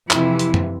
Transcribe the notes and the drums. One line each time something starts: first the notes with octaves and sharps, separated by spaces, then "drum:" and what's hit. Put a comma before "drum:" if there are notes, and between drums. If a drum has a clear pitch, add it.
F2 C3 E3 E4, drum: clap
drum: hi-hat
drum: tom F#2